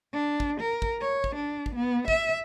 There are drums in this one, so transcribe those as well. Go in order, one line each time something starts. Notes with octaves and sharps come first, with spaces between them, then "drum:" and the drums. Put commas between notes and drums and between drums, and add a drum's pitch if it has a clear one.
D4
drum: kick
A#4
drum: kick
C#5
drum: kick
D4
drum: kick
B3
E5, drum: kick